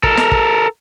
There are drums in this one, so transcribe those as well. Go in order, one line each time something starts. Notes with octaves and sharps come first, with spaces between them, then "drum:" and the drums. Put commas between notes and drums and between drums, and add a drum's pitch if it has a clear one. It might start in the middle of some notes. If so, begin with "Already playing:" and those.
A4 A#4, drum: kick
drum: snare
drum: kick